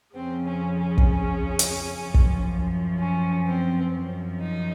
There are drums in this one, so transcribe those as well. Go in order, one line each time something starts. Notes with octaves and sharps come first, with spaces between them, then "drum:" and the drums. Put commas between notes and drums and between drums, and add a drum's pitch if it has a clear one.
F2 C#3 F3 C4
C#4
C#4
drum: kick
C#4
drum: hi-hat
F#2 F3
drum: kick
C#4
C4
F#2 F3
D#4